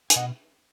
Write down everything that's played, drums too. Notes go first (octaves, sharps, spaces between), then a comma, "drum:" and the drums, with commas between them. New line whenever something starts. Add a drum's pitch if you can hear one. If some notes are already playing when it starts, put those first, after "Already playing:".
G#5, drum: hi-hat
B2 D#5 F#5